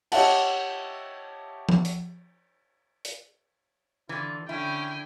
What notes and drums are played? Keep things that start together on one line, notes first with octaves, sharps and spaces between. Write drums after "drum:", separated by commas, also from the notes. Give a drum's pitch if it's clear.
G4 C#5 D#5 E5 F#5 A5, drum: cymbal
drum: tom F3
drum: hi-hat
drum: hi-hat
D3 E3 F4
D3 C#4 E4 G5 G#5